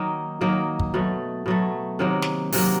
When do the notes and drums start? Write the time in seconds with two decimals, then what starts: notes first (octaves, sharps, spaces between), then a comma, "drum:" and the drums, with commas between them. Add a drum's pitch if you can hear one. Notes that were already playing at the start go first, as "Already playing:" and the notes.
Already playing: D#3 F#3 A#3 D#4
0.41 D#3 F#3 A#3 D#4
0.80 drum: kick
0.94 B2 F#3 A3
1.46 B2 F#3 A3
1.99 C3 D#3 F#3 A#3
2.22 drum: snare
2.52 C3 D#3 F#3 A#3, drum: open hi-hat